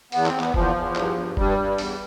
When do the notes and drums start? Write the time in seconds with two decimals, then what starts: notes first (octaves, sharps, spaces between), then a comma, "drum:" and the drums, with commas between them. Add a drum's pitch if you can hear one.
0.12 E2 B3, drum: open hi-hat
0.26 C4, drum: clap
0.33 E2
0.40 B3, drum: clap
0.54 E2 F3, drum: kick F1
0.75 E2
0.96 G2, drum: clap
1.16 G2
1.37 G2 G3, drum: kick F1
1.58 G2
1.78 E2, drum: open hi-hat